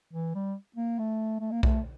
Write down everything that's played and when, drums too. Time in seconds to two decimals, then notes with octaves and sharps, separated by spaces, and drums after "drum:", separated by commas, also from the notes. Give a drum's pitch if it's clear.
0.13 E3
0.35 G3
0.76 A#3
0.99 A3
1.40 A3
1.52 A#3
1.63 A3, drum: kick B1